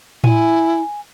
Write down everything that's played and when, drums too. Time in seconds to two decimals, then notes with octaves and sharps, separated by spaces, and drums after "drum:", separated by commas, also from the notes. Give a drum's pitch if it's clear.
0.24 E4 G#5, drum: tom A2